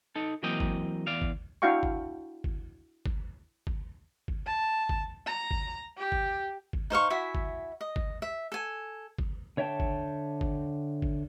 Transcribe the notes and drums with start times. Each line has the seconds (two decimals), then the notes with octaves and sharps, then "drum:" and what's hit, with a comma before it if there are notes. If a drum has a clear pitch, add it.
0.16 D#4 A4
0.43 E3 F#3 A#3 C4 D#5 G5
0.60 drum: kick G1
1.07 E2 D5 F5
1.22 drum: kick G1
1.62 D4 E4 F#4 F5 G5 C#6
1.83 drum: kick G1
2.44 drum: kick G1
3.06 drum: kick G1
3.67 drum: kick G1
4.28 drum: kick G1
4.46 A5
4.89 drum: kick G1
5.26 A#5
5.51 drum: kick G1
5.97 G4
6.12 drum: kick G1
6.73 drum: kick G1
6.90 D#4 C5 F5 C#6
7.10 E4 F#4 E5 G#5
7.35 drum: kick G1
7.81 D#5
7.96 drum: kick G1
8.22 E5
8.52 A4 G#5
9.19 drum: kick G1
9.57 D3 C#5 E5 G5 A5
9.80 drum: kick G1
10.41 drum: kick G1
11.02 drum: kick G1